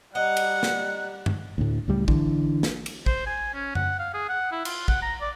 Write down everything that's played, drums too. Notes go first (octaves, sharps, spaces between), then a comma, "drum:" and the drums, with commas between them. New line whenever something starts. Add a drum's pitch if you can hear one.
G3 D#4 F#5 F#6
drum: cymbal
drum: snare
drum: tom G2
D2 A2
C#2 A2 G3
D3 E3, drum: kick A1
drum: snare
drum: cymbal
C5, drum: kick A1
G#5
C#4
F#5, drum: tom F#2
F5
G#4
F#5
E4
F4, drum: cymbal
F#5, drum: kick A1
A#5
D5